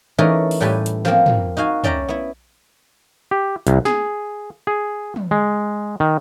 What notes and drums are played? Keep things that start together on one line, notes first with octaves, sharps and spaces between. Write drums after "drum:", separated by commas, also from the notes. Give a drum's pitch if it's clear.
E3 A3 C#4 D#4 A#4 D5
drum: open hi-hat
A2 G3 G4 A4 B4 G#5
drum: hi-hat
F3 A#3 C4, drum: snare
drum: tom
D#4 F#4 F5 G#5
C#4 D5 E5 G5 A5 A#5, drum: tom
B3 E4
G4
C2, drum: hi-hat
G#4, drum: snare
G#4
drum: tom
G#3
D#3